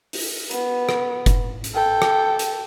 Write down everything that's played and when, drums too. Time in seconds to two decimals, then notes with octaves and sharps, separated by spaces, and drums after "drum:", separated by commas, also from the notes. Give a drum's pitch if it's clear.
0.13 drum: open hi-hat
0.51 B3, drum: hi-hat
0.89 drum: rim click
1.26 drum: kick F1, hi-hat
1.64 drum: hi-hat
1.75 A4 G5
2.02 drum: rim click
2.39 drum: hi-hat